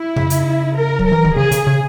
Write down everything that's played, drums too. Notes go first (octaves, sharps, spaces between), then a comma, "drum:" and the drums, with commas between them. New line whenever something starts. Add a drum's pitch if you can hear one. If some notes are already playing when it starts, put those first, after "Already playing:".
Already playing: E4
C#3, drum: tom F2
drum: hi-hat
A#4
F#3, drum: kick
A#4
E3
D#3, drum: kick
C#3 G#4
C#3, drum: hi-hat
C#3